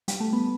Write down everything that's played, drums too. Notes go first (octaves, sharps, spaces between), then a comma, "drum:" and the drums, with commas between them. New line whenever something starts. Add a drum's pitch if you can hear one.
G3, drum: hi-hat
A3
B3